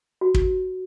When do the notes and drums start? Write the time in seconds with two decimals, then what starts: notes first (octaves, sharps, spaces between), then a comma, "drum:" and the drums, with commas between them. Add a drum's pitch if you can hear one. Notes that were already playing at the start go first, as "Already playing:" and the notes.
0.21 F#4
0.34 drum: kick